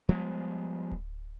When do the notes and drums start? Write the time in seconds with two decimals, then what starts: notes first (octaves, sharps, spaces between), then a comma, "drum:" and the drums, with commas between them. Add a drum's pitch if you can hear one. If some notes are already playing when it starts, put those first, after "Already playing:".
0.09 F3 G3 G#3 B3
0.91 drum: kick D1